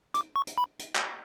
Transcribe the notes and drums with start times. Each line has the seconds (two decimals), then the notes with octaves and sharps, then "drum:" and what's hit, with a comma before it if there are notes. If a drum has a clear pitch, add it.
0.14 D6, drum: hi-hat
0.36 C#6
0.47 drum: hi-hat
0.58 B5
0.79 drum: hi-hat
0.95 drum: clap